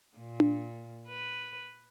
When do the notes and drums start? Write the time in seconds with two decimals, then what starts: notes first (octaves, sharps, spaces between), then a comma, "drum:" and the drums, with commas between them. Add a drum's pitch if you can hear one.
0.18 A#2
0.40 drum: tom D4
1.08 B4